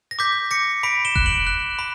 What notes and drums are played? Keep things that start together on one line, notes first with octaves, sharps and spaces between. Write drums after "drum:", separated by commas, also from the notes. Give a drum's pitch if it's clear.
A#6
D6 G6 B6
D6 A#6 C#7
B5 B6 D7
E7 G7
F#6, drum: kick F1
D7 F#7
F#6
B5